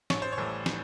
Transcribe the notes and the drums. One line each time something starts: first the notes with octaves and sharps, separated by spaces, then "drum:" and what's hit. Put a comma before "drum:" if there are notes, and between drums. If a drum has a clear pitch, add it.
A1 C#5, drum: snare
C5
C#5
A2 E3 G3
drum: snare